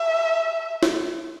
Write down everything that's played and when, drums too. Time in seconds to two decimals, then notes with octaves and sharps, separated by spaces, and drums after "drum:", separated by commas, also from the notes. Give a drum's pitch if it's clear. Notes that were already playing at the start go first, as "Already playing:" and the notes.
Already playing: E5
0.83 drum: snare